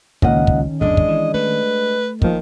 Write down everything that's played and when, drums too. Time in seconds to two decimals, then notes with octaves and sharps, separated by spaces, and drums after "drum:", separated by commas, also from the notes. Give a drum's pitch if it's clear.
0.22 C#2 A#2 D#3 C#4 D#5 F#5, drum: kick
0.47 drum: kick
0.81 G#1 E2 G#3 D4 D5 D#5
0.97 drum: kick
1.08 E3
1.34 A3 B4
2.22 D#3 F3 A#3, drum: kick